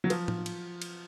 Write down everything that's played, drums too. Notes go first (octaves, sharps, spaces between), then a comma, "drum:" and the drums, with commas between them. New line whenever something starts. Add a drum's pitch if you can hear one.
F#3
F3, drum: cymbal
drum: tom
drum: cymbal
drum: cymbal